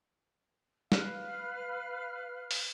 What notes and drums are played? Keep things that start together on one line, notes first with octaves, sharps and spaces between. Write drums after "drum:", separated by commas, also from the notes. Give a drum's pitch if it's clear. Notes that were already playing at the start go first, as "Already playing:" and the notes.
B4 F5 F6, drum: snare
drum: open hi-hat